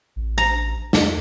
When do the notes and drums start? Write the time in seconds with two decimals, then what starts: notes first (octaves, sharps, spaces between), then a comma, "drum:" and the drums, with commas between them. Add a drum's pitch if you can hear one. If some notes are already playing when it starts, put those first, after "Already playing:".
0.16 A1
0.38 A#5
0.93 E2, drum: snare